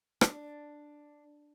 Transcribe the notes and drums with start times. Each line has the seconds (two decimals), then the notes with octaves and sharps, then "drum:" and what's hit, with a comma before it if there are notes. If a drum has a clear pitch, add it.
0.21 D4, drum: rim click